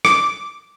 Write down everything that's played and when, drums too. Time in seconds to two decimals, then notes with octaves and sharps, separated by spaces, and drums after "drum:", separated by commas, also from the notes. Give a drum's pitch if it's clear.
0.05 D6, drum: rim click